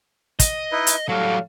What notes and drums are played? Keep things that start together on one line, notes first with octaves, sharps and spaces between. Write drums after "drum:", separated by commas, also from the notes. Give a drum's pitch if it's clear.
D#5, drum: kick, hi-hat
D#4 E4 B4
drum: hi-hat
A2 F#3 G3 F#4 A4 F5